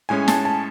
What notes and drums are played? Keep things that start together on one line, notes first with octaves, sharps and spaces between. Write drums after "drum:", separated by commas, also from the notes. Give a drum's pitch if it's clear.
A2 G#3 C#4 G#5
A5, drum: snare
A5